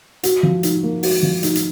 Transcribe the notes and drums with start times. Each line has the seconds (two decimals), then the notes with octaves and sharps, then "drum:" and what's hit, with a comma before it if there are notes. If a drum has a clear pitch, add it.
0.23 F#4, drum: hi-hat
0.43 F3
0.63 D#4, drum: hi-hat
0.83 A#3
1.03 F#4, drum: open hi-hat
1.23 F3
1.43 D#4, drum: hi-hat
1.55 drum: hi-hat